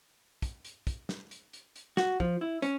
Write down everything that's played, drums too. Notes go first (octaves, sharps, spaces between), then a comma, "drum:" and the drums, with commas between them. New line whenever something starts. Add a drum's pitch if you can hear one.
drum: kick, hi-hat
drum: hi-hat
drum: kick, hi-hat
drum: snare
drum: hi-hat
drum: hi-hat
drum: hi-hat
F#4, drum: snare
F3, drum: kick
E4
C#4, drum: hi-hat